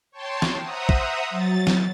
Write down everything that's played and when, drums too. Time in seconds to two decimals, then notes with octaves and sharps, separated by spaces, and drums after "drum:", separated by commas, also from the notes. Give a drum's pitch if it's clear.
0.11 C#5 G5 A5 C6
0.42 drum: snare
0.61 C5 E5 F#5 A#5 D#6
0.89 drum: kick
1.30 F#3 A6
1.67 drum: snare